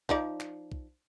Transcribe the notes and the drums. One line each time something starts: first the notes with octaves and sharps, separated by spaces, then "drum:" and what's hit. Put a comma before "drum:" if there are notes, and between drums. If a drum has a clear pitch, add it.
F3 D#4 D5, drum: kick B1
drum: clap
drum: kick B1